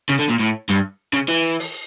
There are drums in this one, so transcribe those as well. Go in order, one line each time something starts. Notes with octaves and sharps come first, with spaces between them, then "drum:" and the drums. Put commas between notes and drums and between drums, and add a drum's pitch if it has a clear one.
C#3
D3
A#2
A2
G2
C#3
E3
drum: open hi-hat